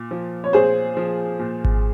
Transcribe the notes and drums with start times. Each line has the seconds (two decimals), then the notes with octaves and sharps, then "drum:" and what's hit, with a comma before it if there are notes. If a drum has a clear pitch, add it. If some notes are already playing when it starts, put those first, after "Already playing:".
Already playing: A#2
0.11 F3
0.44 C#5
0.53 A#2 G#4 C5
0.97 F3
1.39 A#2
1.65 drum: kick G#1